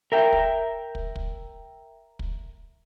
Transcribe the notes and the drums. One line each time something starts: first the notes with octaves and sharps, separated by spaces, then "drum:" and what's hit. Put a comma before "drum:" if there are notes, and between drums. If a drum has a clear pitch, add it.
A#4 E5 G5
drum: kick
drum: kick
drum: kick
drum: kick